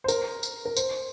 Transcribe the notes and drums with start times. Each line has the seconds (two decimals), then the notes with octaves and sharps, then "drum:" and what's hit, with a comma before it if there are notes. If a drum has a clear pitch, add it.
0.04 C5
0.08 A#4, drum: tambourine
0.43 drum: tambourine
0.65 A#4
0.77 C5, drum: tambourine